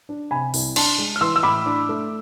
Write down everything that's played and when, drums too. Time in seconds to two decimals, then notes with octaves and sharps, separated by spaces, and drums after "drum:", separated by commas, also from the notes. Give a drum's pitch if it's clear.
0.09 D4
0.31 C3 G#5 B5
0.54 C2, drum: open hi-hat
0.76 D4 A5 C6, drum: cymbal
0.98 G#3
1.16 F6
1.21 E3 C6 E6
1.36 E6
1.43 A2 B5 D6
1.66 D4
1.89 A3